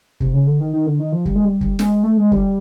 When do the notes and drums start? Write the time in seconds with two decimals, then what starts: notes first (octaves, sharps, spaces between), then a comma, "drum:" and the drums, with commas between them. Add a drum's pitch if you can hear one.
0.20 C3, drum: kick
0.33 C#3
0.47 D3
0.60 D#3
0.73 D#3
0.86 D3
0.99 D#3
1.12 F3
1.25 G3, drum: kick
1.36 G#3
1.45 G3
1.61 drum: kick
1.79 G#3, drum: snare
2.04 A3
2.17 G#3
2.31 G3, drum: kick